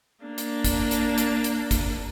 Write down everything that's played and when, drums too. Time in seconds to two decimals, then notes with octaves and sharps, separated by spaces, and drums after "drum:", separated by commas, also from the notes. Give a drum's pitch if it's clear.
0.25 A#3 D4
0.38 drum: hi-hat
0.64 drum: kick, hi-hat
0.91 drum: hi-hat
1.18 drum: hi-hat
1.44 drum: hi-hat
1.71 drum: kick, hi-hat